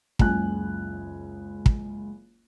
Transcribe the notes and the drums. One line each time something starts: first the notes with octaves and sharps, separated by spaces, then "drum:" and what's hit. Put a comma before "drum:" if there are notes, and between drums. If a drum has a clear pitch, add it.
F#1 C#2 G#5 F#6, drum: kick
drum: kick